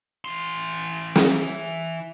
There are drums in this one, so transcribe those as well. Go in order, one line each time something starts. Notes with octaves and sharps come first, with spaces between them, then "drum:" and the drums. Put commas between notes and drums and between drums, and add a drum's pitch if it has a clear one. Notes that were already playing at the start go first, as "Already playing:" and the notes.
E3 C6
drum: snare